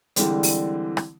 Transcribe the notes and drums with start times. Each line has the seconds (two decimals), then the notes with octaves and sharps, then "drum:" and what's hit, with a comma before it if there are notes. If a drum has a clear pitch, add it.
0.16 D3 E3 G3 G#3 C4, drum: hi-hat
0.43 drum: open hi-hat
0.97 drum: rim click